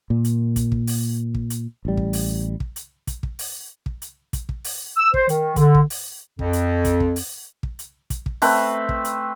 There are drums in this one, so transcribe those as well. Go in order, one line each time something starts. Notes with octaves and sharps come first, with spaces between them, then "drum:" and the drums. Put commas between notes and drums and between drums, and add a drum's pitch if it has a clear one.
A#2
drum: hi-hat
drum: kick, hi-hat
drum: kick
drum: open hi-hat
drum: kick
drum: hi-hat
A1 G3
drum: kick
drum: open hi-hat
drum: kick
drum: hi-hat
drum: kick, hi-hat
drum: kick
drum: open hi-hat
drum: kick
drum: hi-hat
drum: kick, hi-hat
drum: kick
drum: open hi-hat
E6
C5, drum: kick
D#3, drum: hi-hat
D3, drum: kick, hi-hat
drum: kick
drum: open hi-hat
F2, drum: kick
drum: hi-hat
drum: kick, hi-hat
drum: kick
drum: open hi-hat
drum: kick
drum: hi-hat
drum: kick, hi-hat
drum: kick
A3 C4 B4, drum: open hi-hat
drum: kick
drum: hi-hat